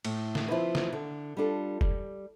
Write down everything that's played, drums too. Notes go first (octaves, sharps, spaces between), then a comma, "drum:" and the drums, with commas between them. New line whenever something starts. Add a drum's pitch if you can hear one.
A2, drum: cymbal
drum: snare
F3 C4 E4 B4
drum: snare
D3
G3 D4 F4 A4
G3, drum: kick F1